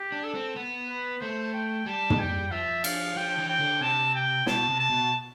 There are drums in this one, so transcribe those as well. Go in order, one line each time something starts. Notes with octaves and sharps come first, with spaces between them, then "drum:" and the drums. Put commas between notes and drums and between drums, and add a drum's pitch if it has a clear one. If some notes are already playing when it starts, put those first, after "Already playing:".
Already playing: G4
D4
A4
C4
B3
B4
A3 C5
G5
G3 A5
drum: tom
G5
F3 E5
F5, drum: cymbal
F3 G5
E3
G5
D3
C3 A5
G5
B2 A5, drum: snare
C3
A5
B2